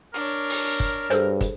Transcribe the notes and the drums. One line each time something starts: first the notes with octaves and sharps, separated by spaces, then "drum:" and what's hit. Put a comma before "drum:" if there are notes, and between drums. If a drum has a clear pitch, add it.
D4 A#4 C#5
drum: open hi-hat
drum: kick
G2 G#4 A4 C5, drum: rim click
drum: kick, hi-hat